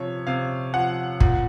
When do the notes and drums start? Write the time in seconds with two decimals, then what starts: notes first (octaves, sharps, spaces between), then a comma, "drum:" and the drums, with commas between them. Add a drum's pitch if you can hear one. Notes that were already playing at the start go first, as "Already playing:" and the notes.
Already playing: C3 F3 C#5
0.27 C3 F5
0.73 F3 F#5
1.20 A#2, drum: kick G1